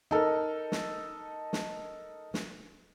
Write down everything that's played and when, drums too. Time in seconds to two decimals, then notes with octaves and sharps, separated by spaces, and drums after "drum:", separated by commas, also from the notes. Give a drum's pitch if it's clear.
0.11 D#4 A4 A#4
0.72 drum: snare
1.53 drum: snare
2.34 drum: snare